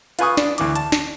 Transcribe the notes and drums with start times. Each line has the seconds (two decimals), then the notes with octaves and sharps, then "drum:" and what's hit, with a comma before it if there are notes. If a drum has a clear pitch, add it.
0.19 F4 B4 G#5 C#6 D#6, drum: hi-hat
0.37 D4, drum: snare
0.58 D2 E3 D6, drum: hi-hat
0.76 A5, drum: hi-hat
0.92 drum: snare